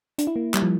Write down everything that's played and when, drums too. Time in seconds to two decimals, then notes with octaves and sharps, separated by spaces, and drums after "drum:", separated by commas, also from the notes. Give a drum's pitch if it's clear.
0.18 D4, drum: hi-hat
0.27 E4
0.36 A#3
0.54 G3, drum: clap
0.62 F3